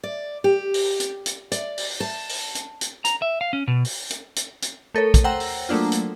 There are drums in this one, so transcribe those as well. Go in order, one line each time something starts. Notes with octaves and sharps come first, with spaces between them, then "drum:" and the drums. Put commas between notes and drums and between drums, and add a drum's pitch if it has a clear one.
D5
G4
drum: open hi-hat
drum: hi-hat
drum: hi-hat
D5, drum: hi-hat
drum: open hi-hat
A5
drum: open hi-hat
drum: hi-hat
drum: hi-hat
A#5, drum: hi-hat
E5
F5
C#4
B2
drum: open hi-hat
drum: hi-hat
drum: hi-hat
drum: hi-hat
A3 A4 A#4 C#5
drum: kick, hi-hat
C5 F#5 G5 A#5 E6 A#6
drum: open hi-hat
F#3 A3 A#3 D4 F4
drum: hi-hat